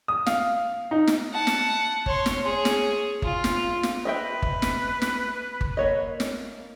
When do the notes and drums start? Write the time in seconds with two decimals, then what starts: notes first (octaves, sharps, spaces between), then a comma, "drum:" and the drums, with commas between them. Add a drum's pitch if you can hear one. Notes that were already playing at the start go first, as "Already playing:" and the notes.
0.08 D#6
0.26 F5, drum: snare
0.91 D#4
1.07 drum: snare
1.33 F#5 A5
1.47 drum: snare
2.06 C#5 C6, drum: kick G1
2.26 drum: snare
2.45 G#4 C#5
2.65 drum: snare
3.22 F4, drum: kick G1
3.44 drum: snare
3.83 drum: snare
4.05 B4 D#5 E5 G5
4.42 drum: kick G1
4.62 drum: snare
5.02 drum: snare
5.61 drum: kick G1
5.77 A#3 C#5 D#5
6.20 drum: snare